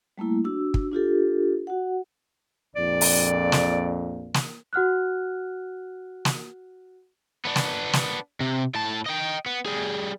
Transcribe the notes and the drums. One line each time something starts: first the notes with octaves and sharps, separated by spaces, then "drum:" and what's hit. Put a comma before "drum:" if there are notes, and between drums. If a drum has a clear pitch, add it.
G3 A3 A#3 E4
D4 F#4 E6
drum: kick
D4 F4 G4 A4
F#4 F#5
A#1 F2 A#2 D5
drum: open hi-hat
drum: snare
drum: snare
F#4 F#5 F6 F#6
drum: snare
B3 D4
drum: snare
drum: snare
C3
A2 A5
D#5 G5
B3
G3 G#4